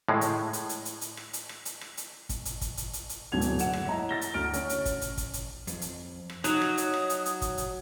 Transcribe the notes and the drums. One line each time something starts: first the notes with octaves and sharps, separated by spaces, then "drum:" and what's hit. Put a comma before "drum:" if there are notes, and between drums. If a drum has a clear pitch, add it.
A2 G#3
drum: hi-hat
drum: hi-hat
drum: hi-hat
drum: hi-hat
drum: hi-hat
drum: rim click
drum: hi-hat
drum: rim click
drum: hi-hat
drum: rim click
drum: hi-hat
drum: kick, hi-hat
drum: hi-hat
drum: kick, hi-hat
drum: hi-hat
drum: hi-hat
drum: hi-hat
D1 G#2 B2 G#6 F7
drum: hi-hat
F#1 F#5 E7, drum: hi-hat
drum: rim click
E4 C#5 D#5 A#5
A6 A#6 G7
drum: hi-hat
D2 F6 D7
C#4 C#5, drum: hi-hat
drum: hi-hat
drum: kick, hi-hat
drum: hi-hat
drum: kick, hi-hat
drum: hi-hat
F2, drum: hi-hat
drum: hi-hat
drum: rim click
F#3 D#4 D#6, drum: hi-hat
drum: rim click
drum: hi-hat
drum: rim click
drum: hi-hat
drum: hi-hat
drum: kick, hi-hat
drum: hi-hat